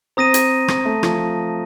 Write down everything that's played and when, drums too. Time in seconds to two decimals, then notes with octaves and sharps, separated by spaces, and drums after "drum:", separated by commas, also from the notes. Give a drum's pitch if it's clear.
0.17 C4 A#5 D#6 A#6 D#7
0.34 drum: hi-hat
0.68 drum: rim click
0.85 A3
1.03 F3, drum: rim click